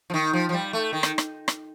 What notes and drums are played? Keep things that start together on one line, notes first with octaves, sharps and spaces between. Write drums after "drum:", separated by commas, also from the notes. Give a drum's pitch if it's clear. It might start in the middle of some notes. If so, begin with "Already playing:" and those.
F3
D#3
F3
F3
G3
A3
D#3
drum: rim click
drum: rim click
drum: rim click